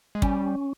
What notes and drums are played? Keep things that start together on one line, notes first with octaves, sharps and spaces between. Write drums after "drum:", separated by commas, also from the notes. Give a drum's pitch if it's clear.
G#3
G3 C#4, drum: kick